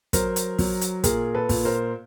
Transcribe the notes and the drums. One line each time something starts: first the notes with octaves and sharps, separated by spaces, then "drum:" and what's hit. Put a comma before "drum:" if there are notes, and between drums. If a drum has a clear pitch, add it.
F#3 A#4 C5, drum: kick, hi-hat
drum: hi-hat
F#3, drum: kick, open hi-hat
drum: hi-hat
A#2 G#4 A#4, drum: kick, hi-hat
A4 B4
A#2, drum: kick, open hi-hat
A#4 C5